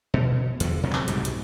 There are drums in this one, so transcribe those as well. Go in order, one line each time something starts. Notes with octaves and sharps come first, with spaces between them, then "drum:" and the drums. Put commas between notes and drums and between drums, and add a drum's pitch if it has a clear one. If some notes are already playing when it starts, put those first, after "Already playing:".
B2
E2 D3, drum: hi-hat
C3 F#3 G#3
drum: clap
C2 G#2 B2 G3, drum: hi-hat
drum: hi-hat